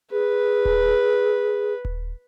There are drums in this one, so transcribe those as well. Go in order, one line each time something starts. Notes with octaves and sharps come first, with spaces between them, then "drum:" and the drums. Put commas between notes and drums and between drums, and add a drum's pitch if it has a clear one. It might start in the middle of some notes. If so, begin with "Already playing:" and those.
G#4 B4
drum: kick D#1
drum: kick D#1